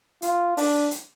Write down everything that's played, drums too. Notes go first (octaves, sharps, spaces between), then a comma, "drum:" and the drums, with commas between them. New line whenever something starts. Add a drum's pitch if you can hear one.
F4, drum: hi-hat
D4, drum: open hi-hat
drum: hi-hat